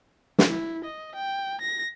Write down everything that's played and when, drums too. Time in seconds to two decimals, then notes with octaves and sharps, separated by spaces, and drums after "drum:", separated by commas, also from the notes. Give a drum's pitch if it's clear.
0.39 drum: snare
0.48 E4
0.84 D#5
1.15 G5
1.61 A#6